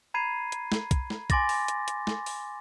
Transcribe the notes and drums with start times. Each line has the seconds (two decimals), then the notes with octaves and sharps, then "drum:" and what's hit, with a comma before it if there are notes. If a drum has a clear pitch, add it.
0.14 A#5 B5 G#6 C7 D#7
0.52 drum: hi-hat
0.72 drum: snare
0.91 drum: kick, hi-hat
1.10 drum: snare
1.30 G#5 C6 D6 A6 A#6, drum: kick, hi-hat
1.49 drum: open hi-hat
1.68 drum: hi-hat
1.88 drum: hi-hat
2.07 drum: snare
2.26 drum: open hi-hat